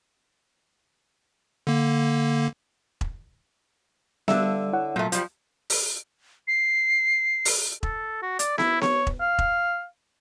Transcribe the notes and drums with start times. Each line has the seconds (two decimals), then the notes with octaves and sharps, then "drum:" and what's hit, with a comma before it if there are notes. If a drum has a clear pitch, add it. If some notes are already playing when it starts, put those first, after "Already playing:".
1.67 D3 A#3
3.01 drum: kick E1
4.28 D3 G3 D5 E5 F5, drum: snare B3
4.73 E4 C#5 F#5
4.96 A#2 F#3 A3
5.12 F3 G3, drum: hi-hat
5.70 drum: open hi-hat
6.48 C7
7.45 drum: open hi-hat
7.83 A4, drum: kick E1
8.22 F#4
8.39 D5, drum: hi-hat
8.58 E4, drum: snare B3
8.81 C#5, drum: snare B3
9.07 drum: kick E1
9.21 F5
9.39 drum: kick E1